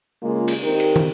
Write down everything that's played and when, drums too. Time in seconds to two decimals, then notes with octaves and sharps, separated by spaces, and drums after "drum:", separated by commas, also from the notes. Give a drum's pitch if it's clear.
0.23 C#3 G#3 A#3 F4
0.48 drum: cymbal
0.64 D#3 C4 D#4 G4 A#4
0.80 drum: cymbal
0.96 drum: tom